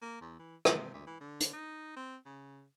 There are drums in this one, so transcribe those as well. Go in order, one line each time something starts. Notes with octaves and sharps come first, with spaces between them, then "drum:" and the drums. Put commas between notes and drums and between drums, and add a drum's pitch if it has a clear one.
A#3
E2
E3
C3, drum: rim click
D2
E3
D3
drum: hi-hat
D#4
C4
C#3